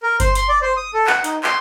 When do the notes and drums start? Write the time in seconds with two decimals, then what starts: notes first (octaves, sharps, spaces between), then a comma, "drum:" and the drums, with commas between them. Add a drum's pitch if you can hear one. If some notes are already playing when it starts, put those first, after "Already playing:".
0.03 A#4
0.20 C5, drum: kick G1, hi-hat
0.35 C6, drum: hi-hat
0.49 D5
0.62 C5
0.77 D#6
0.94 A4
1.07 F#5, drum: clap
1.24 D#4, drum: hi-hat
1.43 C6, drum: clap